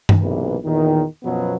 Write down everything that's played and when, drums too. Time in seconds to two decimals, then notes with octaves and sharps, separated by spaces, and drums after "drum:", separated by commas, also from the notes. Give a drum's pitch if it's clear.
0.09 drum: tom G2
0.21 B1 C3 E3 A#3 B4
0.64 E2 A#2 D#3
1.24 F#2 B2 F3 F#3 B3